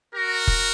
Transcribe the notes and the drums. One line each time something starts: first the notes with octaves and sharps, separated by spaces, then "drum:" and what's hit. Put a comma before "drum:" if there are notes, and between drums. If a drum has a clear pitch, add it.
F#4 A#4
drum: kick